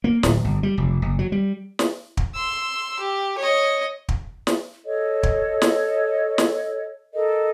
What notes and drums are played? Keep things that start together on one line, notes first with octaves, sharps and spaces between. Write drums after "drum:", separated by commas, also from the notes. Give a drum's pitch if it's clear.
A#3
D1, drum: snare
G1
G3
F1
F#1
F#3
G3
drum: snare
drum: kick
C6 E6
G4
C#5 D#5
drum: kick
drum: snare
A4 C#5 D#5
drum: kick
drum: snare
drum: snare
A4 A#4 D#5